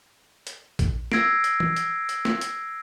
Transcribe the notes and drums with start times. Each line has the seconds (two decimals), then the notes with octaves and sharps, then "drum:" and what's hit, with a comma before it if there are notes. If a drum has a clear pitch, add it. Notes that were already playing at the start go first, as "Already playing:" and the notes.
0.47 drum: hi-hat
0.79 drum: kick A#1, hi-hat
1.12 E6 G#6 A#6 C7 D7, drum: snare
1.44 drum: hi-hat
1.60 drum: tom
1.76 drum: hi-hat
2.09 drum: hi-hat
2.25 drum: snare
2.41 drum: hi-hat